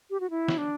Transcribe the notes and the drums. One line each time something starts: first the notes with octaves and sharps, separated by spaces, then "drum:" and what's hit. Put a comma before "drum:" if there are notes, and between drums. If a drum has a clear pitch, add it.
G4
F#4
E4
drum: snare
D4